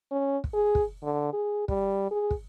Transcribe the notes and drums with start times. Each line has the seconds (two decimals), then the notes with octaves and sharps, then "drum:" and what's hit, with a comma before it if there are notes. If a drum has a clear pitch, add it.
0.11 C#4
0.44 drum: kick
0.53 G#4
0.75 drum: kick
1.03 D3
1.33 G#4
1.68 G3, drum: kick
2.11 G#4
2.31 drum: kick